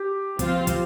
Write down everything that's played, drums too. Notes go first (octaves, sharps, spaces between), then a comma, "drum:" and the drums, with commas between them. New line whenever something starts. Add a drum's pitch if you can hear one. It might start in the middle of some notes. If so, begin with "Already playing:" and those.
Already playing: G4
F3 C4 F4 C5 F5, drum: kick, hi-hat
drum: kick, hi-hat